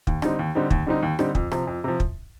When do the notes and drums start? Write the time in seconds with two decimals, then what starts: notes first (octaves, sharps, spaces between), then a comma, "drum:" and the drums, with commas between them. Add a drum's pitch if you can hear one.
0.07 D#2, drum: kick
0.22 D3 G3 C4 D#4, drum: rim click
0.39 D#2
0.55 D3 G3 C4 D#4
0.70 D#2, drum: kick
0.87 D3 G3 C4 D#4
1.02 D#2
1.19 D3 G3 C4 D#4, drum: rim click
1.35 F2, drum: kick
1.52 C3 F3, drum: rim click
1.67 F2
1.84 C3 F3
2.00 drum: kick